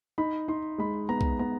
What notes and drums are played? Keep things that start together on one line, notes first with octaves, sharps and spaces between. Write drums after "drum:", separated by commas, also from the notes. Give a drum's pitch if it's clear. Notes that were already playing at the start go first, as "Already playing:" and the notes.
D#4 B5
D#4 C6
G#3 B5
B3 A#5
drum: kick
B3 A#5